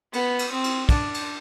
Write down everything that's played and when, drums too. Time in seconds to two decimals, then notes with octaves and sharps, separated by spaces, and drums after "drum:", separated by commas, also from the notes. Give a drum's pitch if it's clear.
0.13 B3, drum: cymbal
0.39 drum: cymbal
0.52 C4
0.64 drum: cymbal
0.89 D4, drum: kick, cymbal
1.14 drum: cymbal